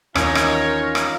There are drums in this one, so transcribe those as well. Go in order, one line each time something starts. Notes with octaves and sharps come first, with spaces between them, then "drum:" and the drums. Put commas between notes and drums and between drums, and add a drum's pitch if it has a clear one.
D#2 E3 C#4 D#4 F4 A#4 C#5 F5, drum: rim click
drum: rim click
drum: rim click